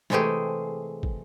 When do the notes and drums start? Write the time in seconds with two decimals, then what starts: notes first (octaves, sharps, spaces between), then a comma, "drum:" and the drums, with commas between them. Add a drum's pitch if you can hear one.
0.10 C3 E3 G#3 A3 G4 G#4, drum: snare
1.03 drum: kick